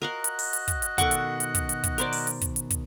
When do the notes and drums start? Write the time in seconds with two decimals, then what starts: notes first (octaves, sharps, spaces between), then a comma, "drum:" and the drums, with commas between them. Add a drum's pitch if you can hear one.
0.02 F#4 A#4 D#5 F5 F#5 F#6
0.24 drum: hi-hat
0.39 drum: open hi-hat
0.53 drum: hi-hat
0.68 drum: kick, hi-hat
0.82 drum: hi-hat
0.98 B2 D#3 A4 F#5 C#6 D6, drum: kick, hi-hat
1.11 drum: hi-hat
1.40 drum: hi-hat
1.55 drum: kick, hi-hat
1.69 drum: hi-hat
1.84 drum: kick, hi-hat
1.98 A#4 C5 D5, drum: hi-hat
2.13 drum: open hi-hat
2.27 drum: hi-hat
2.41 drum: kick, hi-hat
2.56 drum: hi-hat
2.70 drum: kick, hi-hat